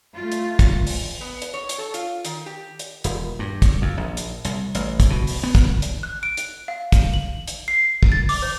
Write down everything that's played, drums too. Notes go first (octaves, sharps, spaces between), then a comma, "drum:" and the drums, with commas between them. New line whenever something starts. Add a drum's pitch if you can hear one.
A3 F4
drum: hi-hat
drum: kick, hi-hat
drum: open hi-hat
B3
drum: hi-hat
C#5
drum: hi-hat
A4
F4, drum: hi-hat
D#3, drum: hi-hat
G4
drum: hi-hat
D#1, drum: hi-hat
G2
drum: kick, hi-hat
F2
A#1
drum: hi-hat
C2, drum: hi-hat
A1, drum: hi-hat
drum: kick, hi-hat
B2
drum: open hi-hat
B3
drum: kick, hi-hat
drum: hi-hat
F#6
D7
drum: hi-hat
F5
drum: kick, hi-hat
F#7
drum: hi-hat
C7
drum: kick
A6
D6, drum: open hi-hat
C5